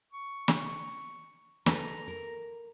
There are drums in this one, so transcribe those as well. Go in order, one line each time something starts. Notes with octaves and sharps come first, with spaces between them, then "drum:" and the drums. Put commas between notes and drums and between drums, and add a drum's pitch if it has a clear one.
C#6
drum: snare
A4 B4 A#5, drum: snare
A#4